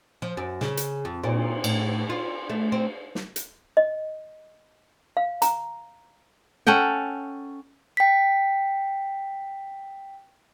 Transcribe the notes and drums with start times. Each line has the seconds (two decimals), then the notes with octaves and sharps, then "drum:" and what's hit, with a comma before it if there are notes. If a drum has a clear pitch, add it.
0.22 F3
0.37 F#2
0.61 C#3, drum: snare
0.77 drum: hi-hat
1.05 F2
1.23 A#2, drum: cymbal
1.64 A2, drum: cymbal
2.10 F4
2.50 A3
2.72 C4
3.15 drum: snare
3.36 drum: hi-hat
3.77 D#5
5.17 F5
5.42 A#5, drum: hi-hat
6.67 C#4 A4 F#5 G5
7.97 G5 B6